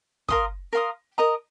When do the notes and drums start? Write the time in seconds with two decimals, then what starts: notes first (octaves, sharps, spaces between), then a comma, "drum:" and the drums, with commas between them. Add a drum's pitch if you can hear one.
0.28 A#4 F5 C6 D#6, drum: kick
0.73 A#4 F5 C6 D#6
1.18 A#4 D#5 A#5 D#6